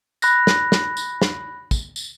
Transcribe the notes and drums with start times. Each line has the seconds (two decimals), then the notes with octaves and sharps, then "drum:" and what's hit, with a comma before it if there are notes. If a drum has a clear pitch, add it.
0.22 B5 F#6 A#6, drum: tambourine
0.47 drum: snare
0.72 drum: snare
0.97 drum: tambourine
1.22 drum: snare
1.71 drum: kick, tambourine
1.96 drum: tambourine